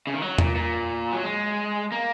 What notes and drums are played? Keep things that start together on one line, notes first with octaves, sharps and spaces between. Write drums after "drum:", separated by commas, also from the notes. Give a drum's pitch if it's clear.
C#3
D#3
F#3
A#2, drum: tom E2
A#2
F#3
G#3
A#3